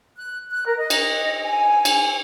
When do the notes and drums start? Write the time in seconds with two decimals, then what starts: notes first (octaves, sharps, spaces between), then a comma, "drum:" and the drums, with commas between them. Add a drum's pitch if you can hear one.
0.17 F#6
0.51 F#6
0.67 A#4
0.78 D#5
0.90 drum: cymbal
1.43 G#5
1.85 drum: cymbal